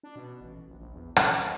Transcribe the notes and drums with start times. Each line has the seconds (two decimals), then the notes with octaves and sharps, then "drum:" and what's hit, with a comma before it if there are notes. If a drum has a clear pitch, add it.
0.03 D4
0.16 B2
0.41 A1
0.68 A#1
0.80 A#1
0.94 E2
1.16 E3, drum: rim click
1.38 G#3